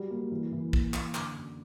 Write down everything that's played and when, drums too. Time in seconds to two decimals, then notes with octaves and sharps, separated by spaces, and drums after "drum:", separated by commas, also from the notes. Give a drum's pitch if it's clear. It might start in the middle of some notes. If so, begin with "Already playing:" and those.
Already playing: F#3 G3
0.10 A#3
0.32 E3
0.52 E3
0.73 A#3, drum: kick B1
0.94 A#3, drum: clap
1.15 D3, drum: clap
1.35 F#2